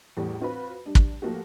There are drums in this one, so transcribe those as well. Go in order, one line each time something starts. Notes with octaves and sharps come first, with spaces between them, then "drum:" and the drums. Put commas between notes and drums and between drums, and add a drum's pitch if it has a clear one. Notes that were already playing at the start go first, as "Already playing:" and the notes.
E2 A2 G3
C4 F4 F#4 B4 B5
G3 D4
drum: kick
F3 A3 A#3 F#4 G4